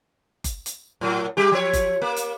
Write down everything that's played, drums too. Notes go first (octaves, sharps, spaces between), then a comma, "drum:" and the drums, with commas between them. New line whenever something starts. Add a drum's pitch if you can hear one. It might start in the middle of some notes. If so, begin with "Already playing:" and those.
drum: kick F#1, hi-hat
drum: hi-hat
A2 F#3
G3 G4
F3 C#5
drum: kick F#1, hi-hat
A#3
drum: hi-hat